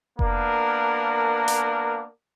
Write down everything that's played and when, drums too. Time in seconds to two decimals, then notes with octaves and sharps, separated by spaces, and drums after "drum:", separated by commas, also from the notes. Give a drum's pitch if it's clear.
0.19 A#3 B3 D4 A#4, drum: kick F1
1.48 drum: hi-hat